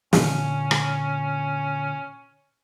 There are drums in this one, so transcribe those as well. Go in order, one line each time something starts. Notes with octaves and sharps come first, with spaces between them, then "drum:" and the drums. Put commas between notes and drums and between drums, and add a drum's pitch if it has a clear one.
A#2 D3 C#4, drum: snare
drum: rim click